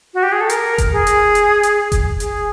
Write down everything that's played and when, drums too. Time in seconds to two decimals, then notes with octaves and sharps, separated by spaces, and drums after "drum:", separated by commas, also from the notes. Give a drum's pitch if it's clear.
0.14 F#4
0.23 G4
0.32 G#4
0.41 A4
0.50 A#4, drum: hi-hat
0.78 drum: kick F1, hi-hat
0.92 G#4
1.07 drum: hi-hat
1.35 drum: hi-hat
1.63 drum: hi-hat
1.92 drum: kick F1, hi-hat
2.20 G#4, drum: hi-hat